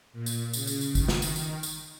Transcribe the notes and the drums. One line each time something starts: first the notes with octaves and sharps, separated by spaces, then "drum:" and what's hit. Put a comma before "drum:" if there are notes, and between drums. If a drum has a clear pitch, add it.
A#2
drum: tambourine
C#3, drum: tambourine
drum: tambourine
drum: tambourine
D#3, drum: kick G#1, tambourine
drum: snare
drum: tambourine
drum: tambourine
drum: tambourine